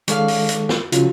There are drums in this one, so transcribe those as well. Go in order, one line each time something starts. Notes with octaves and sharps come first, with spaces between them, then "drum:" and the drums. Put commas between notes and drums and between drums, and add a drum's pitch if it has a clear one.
D#3 G#3 C#4 A4 D5 F5, drum: hi-hat
drum: open hi-hat
drum: hi-hat
drum: snare
C#3 F3 F#3, drum: hi-hat